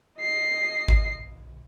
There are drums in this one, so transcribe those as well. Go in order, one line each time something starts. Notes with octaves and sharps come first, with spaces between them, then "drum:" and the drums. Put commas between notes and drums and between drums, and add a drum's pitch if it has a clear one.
D#5 C7
drum: kick G#1